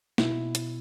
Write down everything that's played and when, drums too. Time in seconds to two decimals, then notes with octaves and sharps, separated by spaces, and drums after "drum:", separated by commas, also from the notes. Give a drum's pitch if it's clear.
0.18 B2 E4, drum: snare
0.55 drum: hi-hat